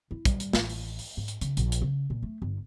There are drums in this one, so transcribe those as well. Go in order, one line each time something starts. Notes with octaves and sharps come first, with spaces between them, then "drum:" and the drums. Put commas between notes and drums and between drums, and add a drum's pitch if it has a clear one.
E4
G3, drum: kick, hi-hat
drum: hi-hat
A1, drum: snare
drum: open hi-hat
drum: open hi-hat
G#2
drum: hi-hat
C#3, drum: hi-hat
A#1, drum: hi-hat
drum: hi-hat
C#3
A#2
A3
G1